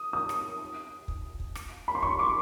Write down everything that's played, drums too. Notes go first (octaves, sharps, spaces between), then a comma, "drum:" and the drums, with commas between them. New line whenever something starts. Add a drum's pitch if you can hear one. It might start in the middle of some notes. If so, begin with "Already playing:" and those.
Already playing: D#6
D#6
drum: rim click
drum: kick
drum: kick
drum: rim click
B5
C6
C#6, drum: kick
D6